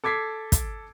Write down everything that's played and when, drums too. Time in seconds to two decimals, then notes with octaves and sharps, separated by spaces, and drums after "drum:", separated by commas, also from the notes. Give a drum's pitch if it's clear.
0.04 A4 D6 G#6 B6 C7
0.52 drum: kick, hi-hat